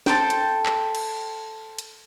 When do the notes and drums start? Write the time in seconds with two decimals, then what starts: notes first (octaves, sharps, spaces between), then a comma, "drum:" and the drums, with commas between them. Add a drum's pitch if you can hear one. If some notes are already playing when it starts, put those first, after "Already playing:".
0.06 A4 C5 G5, drum: snare
0.30 drum: hi-hat
0.66 drum: clap
0.95 drum: cymbal
1.79 drum: hi-hat